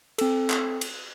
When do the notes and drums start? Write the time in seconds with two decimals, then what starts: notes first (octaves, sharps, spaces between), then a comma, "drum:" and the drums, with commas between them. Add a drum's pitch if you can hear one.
0.18 C4 A4, drum: cymbal
0.50 drum: clap
0.81 drum: cymbal